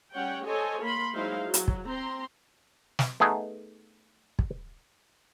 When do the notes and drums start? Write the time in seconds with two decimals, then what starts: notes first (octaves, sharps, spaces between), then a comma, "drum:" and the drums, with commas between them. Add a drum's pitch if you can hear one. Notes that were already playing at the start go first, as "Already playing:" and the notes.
0.14 G3 C#4 C#5 F#5 G5
0.46 A4 C5 C#5 D#5 G#5
0.82 A#3 A#4 B5 C6
1.14 F#3 G#3 D#4 E4 C5 F5
1.44 F#3
1.54 drum: hi-hat
1.68 drum: kick
1.88 C4 A#5 C6
2.99 drum: snare
3.20 A3 B3 D#4 G#4
4.39 drum: kick